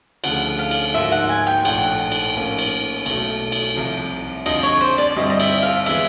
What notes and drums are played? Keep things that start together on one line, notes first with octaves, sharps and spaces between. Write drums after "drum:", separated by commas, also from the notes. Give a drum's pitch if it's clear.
D2 C#3 F3 A3 F#5, drum: cymbal
F5
drum: cymbal
G#2 F3 A#3 D#4 F#4 E5
F#5
G#5
G5
A#1 A2 F3 A3 D4 F#5, drum: cymbal
drum: cymbal
A2 F3 A#3 C#4
drum: cymbal
B1 B2 F#3 A3, drum: cymbal
drum: cymbal
C2 C3 F3
F2 D3 F3 D#5, drum: cymbal
C#5
C5
D5
D5
G2 D3 G3 C4 E4 D#5
D#5
E5, drum: cymbal
F5
E3 G#3 B3 E5, drum: cymbal